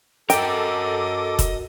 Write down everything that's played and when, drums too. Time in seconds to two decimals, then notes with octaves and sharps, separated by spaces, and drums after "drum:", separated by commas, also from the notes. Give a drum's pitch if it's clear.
0.30 F#4 A4 A#4 D#5 G5 D6, drum: hi-hat
1.39 drum: kick F1, hi-hat